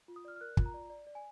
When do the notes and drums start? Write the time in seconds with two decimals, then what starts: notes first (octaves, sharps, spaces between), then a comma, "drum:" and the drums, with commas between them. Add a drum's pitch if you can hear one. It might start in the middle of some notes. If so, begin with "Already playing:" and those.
0.08 F4
0.16 D#6
0.25 D5 F6
0.36 F6
0.41 A#4 F#6
0.57 F4, drum: kick
0.66 A#5
0.74 D5
0.90 D5
1.07 D5
1.15 G#5